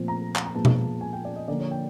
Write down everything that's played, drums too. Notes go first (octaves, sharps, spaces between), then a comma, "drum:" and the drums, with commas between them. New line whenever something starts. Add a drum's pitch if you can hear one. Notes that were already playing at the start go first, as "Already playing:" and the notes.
Already playing: A#2 F3 A3 C4
A#5
drum: clap
A#5
A#2 F3 G#3 B3 A5
drum: tom B2
G#5
G5
D5
D#5
D3 F3 A#3 D5
C#5
G5